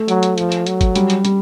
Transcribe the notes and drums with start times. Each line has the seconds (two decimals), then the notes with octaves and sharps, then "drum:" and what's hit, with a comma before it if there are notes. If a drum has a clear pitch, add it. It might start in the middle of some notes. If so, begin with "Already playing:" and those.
Already playing: A3
0.08 F#3, drum: hi-hat
0.23 drum: hi-hat
0.38 F3, drum: hi-hat
0.52 drum: hi-hat
0.66 F#3, drum: hi-hat
0.81 drum: kick G1, hi-hat
0.96 G3, drum: hi-hat
1.10 drum: hi-hat
1.25 G3, drum: hi-hat